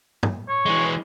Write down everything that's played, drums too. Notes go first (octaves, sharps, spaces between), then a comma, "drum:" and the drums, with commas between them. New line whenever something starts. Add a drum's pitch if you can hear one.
drum: tom
C#5
E3 G#3